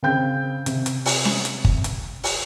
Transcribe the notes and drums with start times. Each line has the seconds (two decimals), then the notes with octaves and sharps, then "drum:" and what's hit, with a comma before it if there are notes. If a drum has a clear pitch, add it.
0.03 C#3 C4 G5 G6
0.66 C3, drum: hi-hat
0.86 drum: hi-hat
1.06 drum: open hi-hat
1.25 drum: snare C#4
1.45 drum: hi-hat
1.65 drum: kick G1
1.84 drum: hi-hat
2.24 drum: open hi-hat